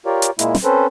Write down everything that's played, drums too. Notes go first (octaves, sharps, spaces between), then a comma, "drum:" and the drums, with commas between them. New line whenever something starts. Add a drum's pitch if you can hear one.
F4 G4 A#4 C#5 D5
drum: hi-hat
A#2 G#3 A#3 E4, drum: hi-hat
drum: snare
C4 C#4 A4 B4 C5